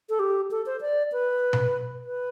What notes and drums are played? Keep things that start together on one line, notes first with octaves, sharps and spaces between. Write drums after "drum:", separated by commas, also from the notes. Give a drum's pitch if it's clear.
A4
G4
A4
C5
D5
B4
drum: tom B2
B4